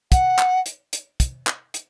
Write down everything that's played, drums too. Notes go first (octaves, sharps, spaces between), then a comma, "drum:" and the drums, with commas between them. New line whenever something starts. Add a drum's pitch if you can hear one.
F#5, drum: kick, hi-hat
drum: clap
drum: hi-hat
drum: hi-hat
drum: kick, hi-hat
drum: clap
drum: hi-hat